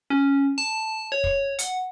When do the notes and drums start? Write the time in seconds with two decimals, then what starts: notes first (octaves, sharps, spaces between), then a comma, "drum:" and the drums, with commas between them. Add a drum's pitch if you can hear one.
0.10 C#4
0.58 A5
1.12 C#5
1.24 drum: kick
1.59 F#5, drum: hi-hat